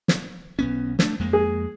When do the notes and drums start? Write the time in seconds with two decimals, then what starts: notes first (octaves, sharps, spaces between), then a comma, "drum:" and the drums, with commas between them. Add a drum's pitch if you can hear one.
0.08 drum: snare
0.59 B1 B3 C#4
0.99 A3 D4, drum: snare
1.19 F2 G#3 A#3
1.33 G#4